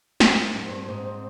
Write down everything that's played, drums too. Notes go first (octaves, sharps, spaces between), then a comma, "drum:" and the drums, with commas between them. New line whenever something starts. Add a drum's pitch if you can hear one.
F#2 C4, drum: snare
G2
F#2
G2
G#2